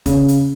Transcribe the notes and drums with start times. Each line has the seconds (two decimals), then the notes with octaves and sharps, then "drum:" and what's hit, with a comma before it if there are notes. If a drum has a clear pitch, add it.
0.06 C#3, drum: kick, hi-hat
0.28 drum: hi-hat